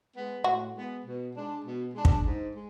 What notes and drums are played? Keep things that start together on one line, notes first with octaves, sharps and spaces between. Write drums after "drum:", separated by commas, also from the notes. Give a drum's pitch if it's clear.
G#3 B3
A2 F#4
G#3 B3
B2
G#3 D4
B2
G#3 D4
drum: kick
G#2
G#3